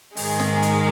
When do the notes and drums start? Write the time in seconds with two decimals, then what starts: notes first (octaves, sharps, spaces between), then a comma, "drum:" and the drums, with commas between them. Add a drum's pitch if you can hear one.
0.17 G#2 D#3 G#3 G#4, drum: open hi-hat
0.40 drum: snare
0.62 drum: hi-hat